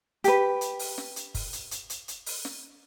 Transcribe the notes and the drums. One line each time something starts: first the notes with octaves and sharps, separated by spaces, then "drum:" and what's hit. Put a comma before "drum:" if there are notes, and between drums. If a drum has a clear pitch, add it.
G4 B4, drum: hi-hat
drum: hi-hat
drum: open hi-hat
drum: snare
drum: hi-hat
drum: kick, open hi-hat
drum: hi-hat
drum: hi-hat
drum: hi-hat
drum: hi-hat
drum: open hi-hat
drum: snare